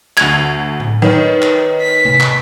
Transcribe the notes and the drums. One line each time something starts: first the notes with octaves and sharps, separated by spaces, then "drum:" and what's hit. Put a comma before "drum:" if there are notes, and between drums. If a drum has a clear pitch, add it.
D2 G#6 F7, drum: clap
drum: tom A2
D#3 B4 C#5
drum: clap
B6
drum: tom
drum: clap